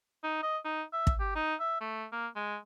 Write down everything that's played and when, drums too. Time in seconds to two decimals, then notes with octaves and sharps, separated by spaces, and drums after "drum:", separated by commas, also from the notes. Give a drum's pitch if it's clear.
0.23 D#4
0.43 D#5
0.65 D#4
0.93 E5
1.07 drum: kick
1.20 G4
1.35 D#4
1.60 E5
1.81 A3
2.12 A#3
2.36 G#3